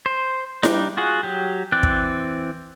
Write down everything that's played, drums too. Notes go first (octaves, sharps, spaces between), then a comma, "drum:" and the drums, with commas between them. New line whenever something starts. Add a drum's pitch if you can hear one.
C5
G3 D4 D#4, drum: snare E4
F4 F#4 G#4 F#5
F#3 G4
E3 C4 D5 F#6
drum: kick